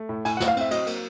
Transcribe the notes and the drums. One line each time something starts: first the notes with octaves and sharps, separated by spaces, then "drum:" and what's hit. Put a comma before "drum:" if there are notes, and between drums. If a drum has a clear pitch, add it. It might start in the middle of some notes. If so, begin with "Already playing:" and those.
Already playing: A3
A2
A2 G#5, drum: cymbal
F#5
A2, drum: snare
F5
C4 E5, drum: cymbal
F#3 D#5, drum: cymbal
A#3, drum: cymbal